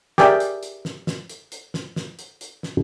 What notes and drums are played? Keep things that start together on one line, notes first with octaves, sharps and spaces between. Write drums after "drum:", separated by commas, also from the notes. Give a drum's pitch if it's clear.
G4 G#4 A#4 D5 E5 G5, drum: snare
drum: hi-hat
drum: hi-hat
drum: snare
drum: snare
drum: hi-hat
drum: hi-hat
drum: snare
drum: snare
drum: hi-hat
drum: hi-hat
drum: snare